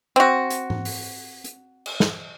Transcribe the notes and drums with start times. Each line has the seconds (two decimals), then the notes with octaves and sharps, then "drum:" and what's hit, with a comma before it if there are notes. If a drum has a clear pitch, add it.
0.16 C4 F#4
0.50 drum: hi-hat
0.70 drum: tom G#2
0.85 drum: open hi-hat
1.44 drum: hi-hat
1.86 drum: cymbal
2.00 drum: snare